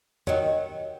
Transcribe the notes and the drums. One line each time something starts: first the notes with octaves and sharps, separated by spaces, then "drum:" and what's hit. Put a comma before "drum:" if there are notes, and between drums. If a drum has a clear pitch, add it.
D#3 F#3, drum: tom E2